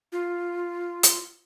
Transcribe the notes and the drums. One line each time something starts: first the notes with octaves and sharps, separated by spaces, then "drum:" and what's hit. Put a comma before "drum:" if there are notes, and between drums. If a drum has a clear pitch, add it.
F4
drum: hi-hat